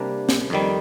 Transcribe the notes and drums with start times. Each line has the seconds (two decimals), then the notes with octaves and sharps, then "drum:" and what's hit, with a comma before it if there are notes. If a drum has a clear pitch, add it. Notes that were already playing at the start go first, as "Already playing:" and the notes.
Already playing: C3 G3 A#3 D4
0.29 drum: snare
0.50 F2 D#3 G3